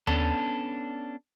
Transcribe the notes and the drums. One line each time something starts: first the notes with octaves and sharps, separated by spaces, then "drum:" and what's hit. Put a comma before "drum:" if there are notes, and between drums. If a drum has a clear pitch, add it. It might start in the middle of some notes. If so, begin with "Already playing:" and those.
B3 C#4 D4 A4, drum: tom D#2